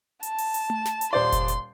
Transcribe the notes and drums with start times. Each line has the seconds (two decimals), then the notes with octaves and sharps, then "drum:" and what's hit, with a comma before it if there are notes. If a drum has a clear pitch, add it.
0.23 A5, drum: hi-hat
0.38 drum: open hi-hat
0.54 drum: hi-hat
0.70 drum: tom A3
0.85 drum: snare
1.01 drum: hi-hat
1.13 D#1 C5 D5 C6
1.32 drum: kick F1, hi-hat
1.48 drum: hi-hat